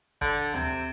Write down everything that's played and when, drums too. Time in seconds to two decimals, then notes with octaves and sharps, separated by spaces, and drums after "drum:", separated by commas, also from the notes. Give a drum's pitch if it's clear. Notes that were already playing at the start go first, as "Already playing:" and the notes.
0.21 D3, drum: kick
0.54 C3, drum: tom D2